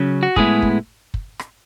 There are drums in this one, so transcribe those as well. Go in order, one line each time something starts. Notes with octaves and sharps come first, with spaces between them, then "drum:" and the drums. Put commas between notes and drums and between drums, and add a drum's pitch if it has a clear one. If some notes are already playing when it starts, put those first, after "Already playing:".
Already playing: C#3 F#3 C#4
F#4
A2 G#3 B3 E4 G#4, drum: kick
drum: kick
drum: kick
drum: rim click